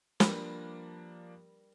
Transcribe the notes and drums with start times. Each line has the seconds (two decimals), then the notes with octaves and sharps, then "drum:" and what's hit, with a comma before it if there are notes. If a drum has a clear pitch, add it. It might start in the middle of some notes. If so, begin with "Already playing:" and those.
0.20 F3 G3 A#3 D4 A#4 B4, drum: snare